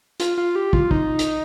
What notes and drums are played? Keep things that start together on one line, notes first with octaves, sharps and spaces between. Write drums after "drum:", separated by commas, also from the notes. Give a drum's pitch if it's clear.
F4, drum: hi-hat
F4
G4
F4, drum: kick
D#4, drum: kick
drum: hi-hat